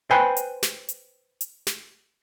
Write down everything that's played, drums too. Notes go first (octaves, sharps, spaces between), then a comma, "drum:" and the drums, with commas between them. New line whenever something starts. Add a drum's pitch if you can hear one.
B4 C5 G5 G#5 B5
drum: hi-hat
drum: snare
drum: hi-hat
drum: hi-hat
drum: snare